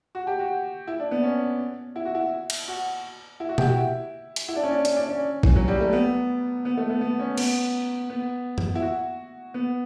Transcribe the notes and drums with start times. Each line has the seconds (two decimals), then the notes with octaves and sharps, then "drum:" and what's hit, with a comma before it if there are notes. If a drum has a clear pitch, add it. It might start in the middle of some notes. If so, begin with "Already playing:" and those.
0.15 F#4
0.27 G4
0.39 F#4
0.87 E4
0.99 D4
1.11 B3
1.23 C#4
1.96 E4
2.05 F#4
2.15 E4
2.50 drum: cymbal
2.68 F#4
3.40 E4
3.49 F#4
3.58 G4, drum: tom B2
3.67 F#4
3.76 E4
4.36 drum: hi-hat
4.49 E4
4.56 D4
4.63 C#4
4.70 D4
4.85 C#4, drum: hi-hat
4.96 D4
5.09 C#4
5.43 E3, drum: kick A#1
5.56 F#3
5.68 G3
5.81 A3
5.93 B3
6.65 B3
6.77 A3
6.90 B3
7.01 B3
7.19 C#4
7.38 B3, drum: cymbal
8.10 B3
8.58 drum: tom F#2
8.75 E4
8.82 F#4
9.54 B3